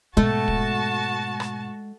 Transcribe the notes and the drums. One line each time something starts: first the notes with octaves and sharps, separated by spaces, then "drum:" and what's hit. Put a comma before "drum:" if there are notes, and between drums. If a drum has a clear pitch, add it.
G#2 B2 G#3 A3 F#4 A5
drum: kick
drum: rim click